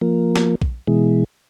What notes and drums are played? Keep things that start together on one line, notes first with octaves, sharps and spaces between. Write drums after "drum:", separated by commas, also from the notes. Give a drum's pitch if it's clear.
F3 A#3
drum: snare
drum: kick A#1
B2 E3 G#3